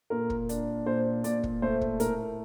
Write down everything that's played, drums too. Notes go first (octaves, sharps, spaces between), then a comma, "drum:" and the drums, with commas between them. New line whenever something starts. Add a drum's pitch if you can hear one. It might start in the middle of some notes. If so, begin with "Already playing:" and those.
A#2 A#4
drum: kick
D4, drum: hi-hat
A#2 C5
A#2 D5, drum: hi-hat
drum: kick
A3 C5
drum: kick
A2 A#4, drum: hi-hat